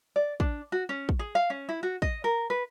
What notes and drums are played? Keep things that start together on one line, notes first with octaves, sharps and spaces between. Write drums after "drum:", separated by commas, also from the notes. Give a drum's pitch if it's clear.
D5
D4, drum: kick
F#4
C#4
drum: kick
G#4
F5
C#4
E4
F#4
D#5, drum: kick
A#4
B4